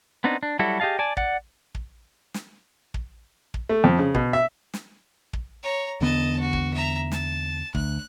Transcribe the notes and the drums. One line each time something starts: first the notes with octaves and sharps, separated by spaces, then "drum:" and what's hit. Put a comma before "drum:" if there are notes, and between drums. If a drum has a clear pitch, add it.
B3 C4 D4 D#4
D4
F#3 G3 E4 F#4 A4
G4 G#4 D#5 F5 A5
D5 G#5 A5
D5 F#5, drum: kick
drum: kick
drum: snare
drum: kick
drum: kick
A3
F2
C#3
B2, drum: kick
E5
drum: snare
drum: kick
C#5 A#5
E2 D3 B3 D#5 A5
F#4
drum: kick
E5 A#5
A5, drum: snare
D2 F#6, drum: kick